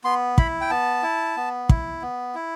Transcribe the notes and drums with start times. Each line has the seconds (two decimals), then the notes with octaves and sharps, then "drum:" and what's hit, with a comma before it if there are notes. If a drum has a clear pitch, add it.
0.04 B3 C6
0.38 E4 B5, drum: kick
0.61 G5
0.70 B3 A5
1.03 E4
1.36 B3
1.69 E4, drum: kick
2.02 B3
2.35 E4